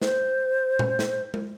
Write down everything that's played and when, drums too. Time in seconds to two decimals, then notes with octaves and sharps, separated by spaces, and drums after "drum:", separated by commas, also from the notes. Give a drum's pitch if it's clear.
0.01 C5, drum: snare
0.79 drum: tom A#2
0.99 drum: snare
1.34 drum: tom G#3